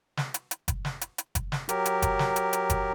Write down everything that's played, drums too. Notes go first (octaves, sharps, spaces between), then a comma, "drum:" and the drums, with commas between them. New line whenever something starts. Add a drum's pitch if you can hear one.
drum: snare
drum: hi-hat
drum: hi-hat
drum: kick F#1, hi-hat
drum: snare
drum: hi-hat
drum: hi-hat
drum: kick F#1, hi-hat
drum: snare
F#3 G4 A#4, drum: hi-hat
drum: hi-hat
drum: kick F#1, hi-hat
drum: snare
drum: hi-hat
drum: hi-hat
drum: kick F#1, hi-hat